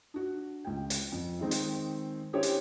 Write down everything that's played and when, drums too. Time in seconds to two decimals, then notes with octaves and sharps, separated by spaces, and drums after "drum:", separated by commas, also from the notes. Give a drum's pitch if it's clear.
0.14 D4 F#4
0.65 C#2 G5
0.90 drum: hi-hat
1.12 F2
1.40 D#3 G#3 C4 D#4
1.51 drum: hi-hat
2.33 C#4 D4 E4 G4 C5 C#5
2.43 drum: hi-hat